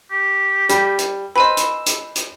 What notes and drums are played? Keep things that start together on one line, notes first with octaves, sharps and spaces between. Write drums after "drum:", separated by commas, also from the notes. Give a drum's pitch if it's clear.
G4
G3, drum: hi-hat
drum: hi-hat
B4 C5 D#5 G#5 B5 E6
drum: hi-hat
drum: hi-hat
drum: hi-hat